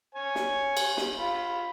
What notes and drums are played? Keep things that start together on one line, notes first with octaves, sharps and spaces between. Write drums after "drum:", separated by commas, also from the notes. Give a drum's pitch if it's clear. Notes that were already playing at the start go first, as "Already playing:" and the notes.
C#5 G#5
drum: snare
drum: cymbal
drum: snare
F4 B5